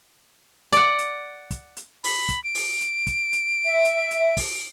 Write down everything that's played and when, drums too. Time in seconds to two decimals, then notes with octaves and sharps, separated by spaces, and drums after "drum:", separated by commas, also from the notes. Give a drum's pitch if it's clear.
0.72 D5 F#5, drum: hi-hat
0.99 drum: hi-hat
1.51 drum: kick, hi-hat
1.77 drum: hi-hat
2.04 B5, drum: open hi-hat
2.29 drum: kick, hi-hat
2.44 D7
2.55 drum: open hi-hat
2.81 drum: hi-hat
3.07 drum: kick, hi-hat
3.33 drum: hi-hat
3.65 E5
3.85 drum: hi-hat
4.11 drum: hi-hat
4.37 drum: kick, open hi-hat